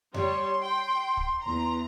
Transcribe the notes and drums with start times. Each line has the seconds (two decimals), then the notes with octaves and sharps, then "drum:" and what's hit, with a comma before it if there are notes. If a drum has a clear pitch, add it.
0.14 G3 C#5 C6, drum: tom F2
0.61 G5
1.17 drum: kick
1.42 E2 A#5